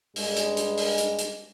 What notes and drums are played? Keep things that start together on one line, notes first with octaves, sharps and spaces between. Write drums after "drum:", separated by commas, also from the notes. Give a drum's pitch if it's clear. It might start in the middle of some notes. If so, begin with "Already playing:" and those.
G2 G#3, drum: open hi-hat
drum: hi-hat
drum: hi-hat
drum: open hi-hat
drum: hi-hat
drum: hi-hat